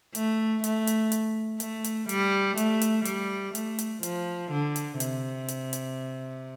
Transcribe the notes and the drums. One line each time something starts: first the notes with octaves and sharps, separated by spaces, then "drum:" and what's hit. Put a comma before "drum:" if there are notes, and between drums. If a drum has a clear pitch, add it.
A3, drum: hi-hat
A3, drum: hi-hat
drum: hi-hat
drum: hi-hat
A3, drum: hi-hat
drum: hi-hat
G3, drum: hi-hat
A3, drum: hi-hat
drum: hi-hat
G3, drum: hi-hat
A3, drum: hi-hat
drum: hi-hat
F3, drum: hi-hat
D3
drum: hi-hat
C3, drum: hi-hat
drum: hi-hat
drum: hi-hat